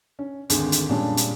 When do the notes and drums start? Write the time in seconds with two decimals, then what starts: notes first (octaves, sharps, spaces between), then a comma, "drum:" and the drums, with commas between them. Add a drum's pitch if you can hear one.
0.19 C#4
0.50 G#1 D2 D#3 G#4, drum: hi-hat
0.72 drum: hi-hat
0.89 F2 A#2 G3 G#3 C#4 D4
1.17 drum: hi-hat